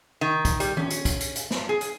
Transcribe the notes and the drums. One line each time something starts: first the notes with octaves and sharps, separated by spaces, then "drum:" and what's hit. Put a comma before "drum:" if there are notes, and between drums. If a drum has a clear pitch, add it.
D#3
drum: kick, hi-hat
G3, drum: hi-hat
C#4, drum: tom D#3
drum: hi-hat
drum: kick, hi-hat
drum: hi-hat
drum: hi-hat
drum: snare
G#4
drum: hi-hat